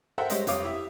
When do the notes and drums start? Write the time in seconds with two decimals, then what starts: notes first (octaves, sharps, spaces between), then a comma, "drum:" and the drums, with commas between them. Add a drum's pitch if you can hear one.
0.18 A4 A#4 C5 E5 F#5 G5
0.30 G3 G#3 C5 C#5 D#5 E5, drum: hi-hat
0.47 F1 G3 C#5 F5 D6 D#6, drum: hi-hat
0.63 E4 G4 E5